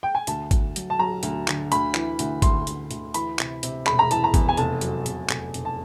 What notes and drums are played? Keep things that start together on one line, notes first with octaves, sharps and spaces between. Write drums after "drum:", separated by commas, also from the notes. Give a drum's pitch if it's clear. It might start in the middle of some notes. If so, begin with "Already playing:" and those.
G5
G#5
D2 A5, drum: hi-hat
D2, drum: kick, hi-hat
F#3, drum: hi-hat
A5
F#3 A#5
D2, drum: hi-hat
D3, drum: clap
D2 B5, drum: hi-hat
E3, drum: clap
D2, drum: hi-hat
D2 C6, drum: kick, hi-hat
D2, drum: hi-hat
D2, drum: hi-hat
E3 B5, drum: hi-hat
C3, drum: clap
C3, drum: hi-hat
E1 B5, drum: clap
A#5
E3 A5, drum: hi-hat
A#5
E2, drum: kick, hi-hat
G#5
F1 A5, drum: hi-hat
F#3, drum: hi-hat
F1, drum: hi-hat
F1, drum: clap
F1, drum: hi-hat
A5